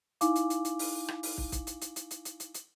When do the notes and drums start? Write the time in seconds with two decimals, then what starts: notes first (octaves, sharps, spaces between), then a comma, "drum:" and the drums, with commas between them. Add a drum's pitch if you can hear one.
0.21 D#4 E4 F5 G#5 D6, drum: hi-hat
0.35 drum: hi-hat
0.50 drum: hi-hat
0.65 drum: hi-hat
0.79 drum: open hi-hat
1.08 drum: rim click
1.23 drum: open hi-hat
1.38 drum: kick
1.52 drum: kick, hi-hat
1.67 drum: hi-hat
1.81 drum: hi-hat
1.96 drum: hi-hat
2.11 drum: hi-hat
2.25 drum: hi-hat
2.40 drum: hi-hat
2.54 drum: hi-hat